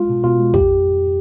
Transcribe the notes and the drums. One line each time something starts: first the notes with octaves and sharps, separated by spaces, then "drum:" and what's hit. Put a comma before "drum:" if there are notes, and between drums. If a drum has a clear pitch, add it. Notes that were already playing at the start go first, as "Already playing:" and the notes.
Already playing: G#3 F4
B2
B2 F4
G#3
F2 G4, drum: kick